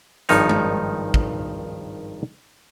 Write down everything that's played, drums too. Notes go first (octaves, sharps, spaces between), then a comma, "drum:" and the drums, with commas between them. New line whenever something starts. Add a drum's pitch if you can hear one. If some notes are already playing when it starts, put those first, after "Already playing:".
G#1 G2 D#3 F3 D#4 C#5, drum: hi-hat
drum: tom G#3
drum: kick